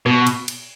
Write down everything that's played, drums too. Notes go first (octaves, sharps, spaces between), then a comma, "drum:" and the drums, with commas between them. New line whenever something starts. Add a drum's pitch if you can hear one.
B2, drum: rim click
drum: cymbal
drum: cymbal